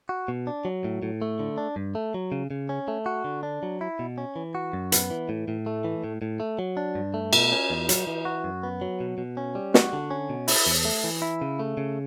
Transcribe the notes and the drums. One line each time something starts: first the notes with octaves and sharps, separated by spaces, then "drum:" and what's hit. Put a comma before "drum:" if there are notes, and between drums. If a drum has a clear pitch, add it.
F#4
B2
D4
F#3
A2
A2
A3
D3
D4
G2
A3
F#3
C#3
C#3
C#4
A3
F#4
D3
D4
F#3
E4
B2
C#4
E3
F#4
F#2
B3, drum: hi-hat
E3
A2
A2
A3
E3
A2
A2
A3
F#3
D4
G2
A3
B2, drum: cymbal
C#4
E2
F#3, drum: hi-hat
E3
F#4
F#2
B3
F#3
B2
B2
C#4
G3
F#4, drum: snare
D3
C#4
B2
E4, drum: open hi-hat
E2
A3
E3
E4
C#3
A3
C#3